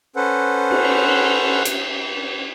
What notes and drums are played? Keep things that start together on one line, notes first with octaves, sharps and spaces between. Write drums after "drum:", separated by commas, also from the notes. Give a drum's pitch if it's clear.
C#4 A4 B4 C5 F#5
drum: cymbal
drum: hi-hat